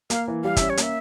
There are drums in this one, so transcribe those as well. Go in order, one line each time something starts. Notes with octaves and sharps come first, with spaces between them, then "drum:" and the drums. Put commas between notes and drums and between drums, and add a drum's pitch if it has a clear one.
A#3 F5, drum: hi-hat
E3
G3 F5
C#4 E5, drum: kick G1, hi-hat
C#5
A#3 E5, drum: hi-hat